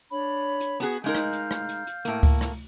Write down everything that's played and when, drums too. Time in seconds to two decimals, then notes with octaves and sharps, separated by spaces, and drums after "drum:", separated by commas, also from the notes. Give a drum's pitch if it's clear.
0.11 D4 C#5 B5
0.60 drum: hi-hat
0.80 B3 F#4 G#4, drum: hi-hat
1.04 G#3 D#4 A#4 F5 F6 G6
1.15 drum: rim click
1.33 drum: hi-hat
1.51 drum: rim click
1.69 drum: hi-hat
1.87 drum: hi-hat
2.05 A2 A#3, drum: hi-hat
2.23 drum: kick C#2, open hi-hat
2.41 drum: rim click